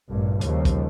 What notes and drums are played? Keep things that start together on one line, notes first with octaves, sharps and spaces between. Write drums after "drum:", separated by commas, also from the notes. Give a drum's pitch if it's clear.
A1 G2 A#2
D#2 C#3 F3 G3, drum: hi-hat
drum: kick, hi-hat